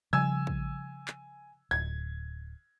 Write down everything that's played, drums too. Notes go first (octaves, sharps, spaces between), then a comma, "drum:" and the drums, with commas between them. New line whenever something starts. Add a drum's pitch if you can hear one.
C#3 F3 G3 G#5 E6 G#6
drum: kick
drum: clap
D1 G#6